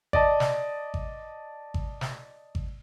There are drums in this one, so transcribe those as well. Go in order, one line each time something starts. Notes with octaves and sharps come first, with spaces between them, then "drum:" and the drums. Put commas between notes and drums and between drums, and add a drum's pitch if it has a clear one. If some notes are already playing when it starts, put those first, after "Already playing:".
D5 D#5 A5, drum: kick G#1
drum: snare
drum: kick G#1
drum: kick G#1
drum: snare
drum: kick G#1